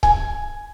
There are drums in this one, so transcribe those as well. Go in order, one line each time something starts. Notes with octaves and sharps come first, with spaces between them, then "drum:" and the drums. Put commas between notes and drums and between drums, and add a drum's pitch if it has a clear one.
G#5, drum: kick C#1